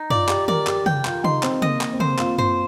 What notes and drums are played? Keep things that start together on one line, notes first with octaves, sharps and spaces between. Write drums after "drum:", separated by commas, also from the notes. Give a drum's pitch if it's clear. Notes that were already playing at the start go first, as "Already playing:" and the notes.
Already playing: D#4
F4 D5, drum: tom F#2
G4, drum: clap
A#4 D5, drum: tom
G4, drum: clap
G4 G5, drum: tom
F4, drum: clap
D#4 C6, drum: tom
C4, drum: clap
A#3 D#5, drum: tom
drum: clap
C4
A#3 C5, drum: tom
F4, drum: clap
F4 C5, drum: tom F#2